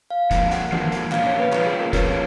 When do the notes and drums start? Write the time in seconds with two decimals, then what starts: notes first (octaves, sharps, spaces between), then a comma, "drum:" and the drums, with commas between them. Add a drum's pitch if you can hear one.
0.11 F5
0.31 F2 F3 A#3, drum: kick F1, hi-hat
0.51 F#5, drum: hi-hat
0.72 F2 F3 A#3, drum: tom D#3
0.92 drum: hi-hat
1.12 A#2 F3 A#3 C#4 F4 F5, drum: clap
1.26 C#5
1.40 B4
1.52 A#2 F3 A#3 C#4 F4 B4, drum: clap
1.66 G#4
1.80 A#4
1.93 A#2 F3 A#3 C#4 F4 C#5, drum: kick F1, hi-hat